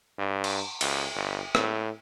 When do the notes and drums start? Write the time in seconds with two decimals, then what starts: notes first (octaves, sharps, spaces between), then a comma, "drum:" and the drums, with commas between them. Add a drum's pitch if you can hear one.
0.18 G2
0.44 drum: cymbal
0.81 C#2, drum: cymbal
1.15 G1
1.55 A2, drum: rim click